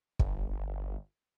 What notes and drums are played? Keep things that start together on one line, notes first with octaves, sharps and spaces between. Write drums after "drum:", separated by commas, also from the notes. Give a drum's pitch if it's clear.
G1, drum: kick